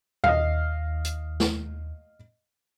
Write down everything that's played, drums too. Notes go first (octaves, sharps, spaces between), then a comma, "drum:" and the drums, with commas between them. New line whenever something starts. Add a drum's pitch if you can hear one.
D#2 D#5 F5, drum: tom A#2
drum: hi-hat
drum: snare